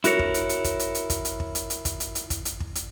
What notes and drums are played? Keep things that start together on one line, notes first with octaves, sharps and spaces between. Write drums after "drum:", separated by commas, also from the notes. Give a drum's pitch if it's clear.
E4 F#4 A#4 C#5, drum: hi-hat
drum: kick
drum: hi-hat
drum: hi-hat
drum: kick, hi-hat
drum: hi-hat
drum: hi-hat
drum: kick, hi-hat
drum: hi-hat
drum: kick
drum: hi-hat
drum: hi-hat
drum: kick, hi-hat
drum: hi-hat
drum: hi-hat
drum: kick, hi-hat
drum: hi-hat
drum: kick
drum: hi-hat